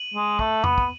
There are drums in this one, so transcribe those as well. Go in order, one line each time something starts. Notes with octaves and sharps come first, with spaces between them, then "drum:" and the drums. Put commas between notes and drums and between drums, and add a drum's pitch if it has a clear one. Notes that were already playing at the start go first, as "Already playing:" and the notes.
Already playing: D#7 F#7
G#3
A3, drum: kick
B3, drum: tom E2
drum: kick